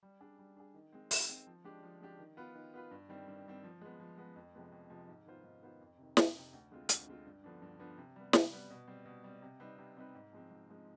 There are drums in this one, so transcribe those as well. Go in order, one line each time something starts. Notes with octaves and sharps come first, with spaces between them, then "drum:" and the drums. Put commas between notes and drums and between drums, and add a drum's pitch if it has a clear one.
G3
D4 G#4
G3
D4 G#4
D#3
G#3 C4
D#3, drum: open hi-hat
G#3 C4
F3
G#3 D4 G4 D5
F3
G#3 D4 G4 D5
D#3
B3 F4 B4
D#3
B3 F4 B4
G2
D#3 G3 C4
G2
D#3 G3 C4
F3
G#3 B3
F3
G#3 B3
F2
C3 F3 G#3 B3
F2
C3 F3 G#3 B3
G#2
D#3 B3 F4 C5
G#2
D#3 B3 F4 C5
F2
C3 D#3
F2, drum: snare
C3 D#3
D2
D3 G#3 C4 F4
D2, drum: hi-hat
D3 G#3 C4 F4
G2
D3 F3 B3 D4
G2
D3 F3 B3 D4
C3
G3 B3
C3, drum: snare
G3 B3
B2
G3 C4
B2
G3 C4
C3
G3 C4 D#4 B4
C3
G3 C4 D#4 B4
G#2
F3 G#3 C4
G#2
F3 G#3 C4